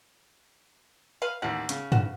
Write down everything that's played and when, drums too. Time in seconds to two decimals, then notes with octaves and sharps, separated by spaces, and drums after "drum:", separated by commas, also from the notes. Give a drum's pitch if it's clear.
1.22 B4 F5
1.42 A1 D#2 F#5
1.69 C#3, drum: hi-hat
1.92 F#4, drum: tom G2